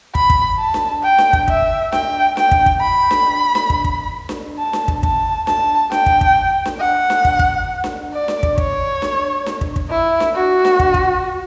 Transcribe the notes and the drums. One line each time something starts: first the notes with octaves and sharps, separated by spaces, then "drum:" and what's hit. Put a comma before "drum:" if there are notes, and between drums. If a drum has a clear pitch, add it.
B5, drum: kick
drum: kick
A5
drum: snare D4
G5
drum: snare D4
drum: kick
E5, drum: kick
G5, drum: snare D4
G5, drum: snare D4
drum: kick
drum: kick
B5
drum: snare D4
drum: snare D4
drum: kick
drum: kick
drum: snare D4
A5
drum: snare D4
drum: kick
A5, drum: kick
A5, drum: snare D4
G5, drum: snare D4
drum: kick
drum: kick
drum: snare D4
F#5
drum: snare D4
drum: kick
drum: kick
drum: snare D4
D5
drum: snare D4
drum: kick
C#5, drum: kick
drum: snare D4
drum: snare D4
drum: kick
drum: kick
E4
drum: snare D4
F#4
drum: snare D4
drum: kick
drum: kick